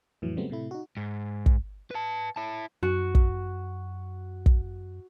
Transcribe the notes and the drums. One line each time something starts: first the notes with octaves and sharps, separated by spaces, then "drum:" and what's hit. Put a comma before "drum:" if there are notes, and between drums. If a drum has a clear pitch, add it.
F2 A2 E3 F#3
C#3 F#3 G3 A3 B3 C4
A2 C3 A3 E4
D#4 F#4
G#2
drum: kick
B4 A5
E4 A5
F#2 F#4
drum: kick
drum: kick